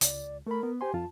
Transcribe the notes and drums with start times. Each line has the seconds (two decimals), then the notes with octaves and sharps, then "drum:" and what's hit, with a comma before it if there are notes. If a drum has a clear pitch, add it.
0.01 C#2 D5, drum: hi-hat
0.47 A3 A#4 B5
0.63 B3
0.81 G4 C5 G#5 C6
0.94 F2 F4 A5